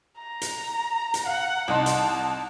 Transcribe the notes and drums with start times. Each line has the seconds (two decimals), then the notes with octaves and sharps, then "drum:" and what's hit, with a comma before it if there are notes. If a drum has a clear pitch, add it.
0.17 A#5
0.41 drum: hi-hat
1.14 drum: hi-hat
1.26 F5 F#5
1.68 C2 D#4 A5 C6
1.86 drum: hi-hat